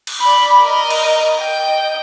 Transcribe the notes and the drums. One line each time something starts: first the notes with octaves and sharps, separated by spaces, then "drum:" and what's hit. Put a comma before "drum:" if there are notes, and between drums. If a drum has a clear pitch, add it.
drum: cymbal
D5 B5
A#4 D#5
drum: cymbal
D#5 G5